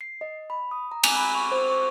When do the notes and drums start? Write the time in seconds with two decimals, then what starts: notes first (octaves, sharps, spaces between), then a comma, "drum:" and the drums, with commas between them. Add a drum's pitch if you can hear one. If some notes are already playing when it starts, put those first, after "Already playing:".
0.01 C7
0.21 D#5
0.50 B5
0.71 D#6
0.91 A#5
1.04 G#5, drum: cymbal
1.16 B5
1.35 C#6
1.52 C5
1.70 C#6